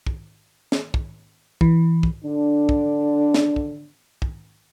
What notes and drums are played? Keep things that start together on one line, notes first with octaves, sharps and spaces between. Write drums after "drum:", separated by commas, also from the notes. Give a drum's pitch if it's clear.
drum: kick
drum: snare
drum: kick
E3, drum: kick
drum: kick
D3 D4
drum: kick
drum: snare
drum: kick
drum: kick